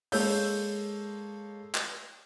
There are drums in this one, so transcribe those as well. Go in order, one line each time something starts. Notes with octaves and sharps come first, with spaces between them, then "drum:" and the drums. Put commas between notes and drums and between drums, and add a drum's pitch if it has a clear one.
G#3 A#3 A4 C#5 E6 G6, drum: open hi-hat
drum: clap